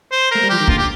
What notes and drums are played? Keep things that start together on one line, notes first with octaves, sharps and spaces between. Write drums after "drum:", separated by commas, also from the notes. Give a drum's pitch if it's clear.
C5
A3 A#4
G3
F3 G4
D#3
A#2 D3 F4, drum: kick
G4